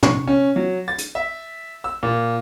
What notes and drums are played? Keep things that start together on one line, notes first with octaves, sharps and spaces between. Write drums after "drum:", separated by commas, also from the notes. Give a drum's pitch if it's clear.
C#6, drum: tom
C#4
F#3
A6
drum: hi-hat
E5
E6
A#2